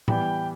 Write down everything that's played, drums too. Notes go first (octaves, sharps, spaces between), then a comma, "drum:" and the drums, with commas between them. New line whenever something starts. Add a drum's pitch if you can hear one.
E3 G3 B3 G5, drum: tom A2